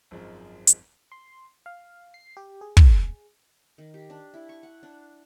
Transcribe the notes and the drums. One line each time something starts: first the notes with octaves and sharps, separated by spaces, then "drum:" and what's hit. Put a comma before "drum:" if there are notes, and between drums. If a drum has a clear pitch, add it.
G#1 F#2 F3 G#3
drum: hi-hat
C6
F5
C7
G4
G#4
drum: kick
D#3
G4
D4
E4
C#6
F#5
D4